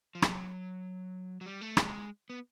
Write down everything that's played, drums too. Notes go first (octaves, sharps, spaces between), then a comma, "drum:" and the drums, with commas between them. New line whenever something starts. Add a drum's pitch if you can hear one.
F3
F#3, drum: rim click
F#3
G3
A3
G#3, drum: rim click
B3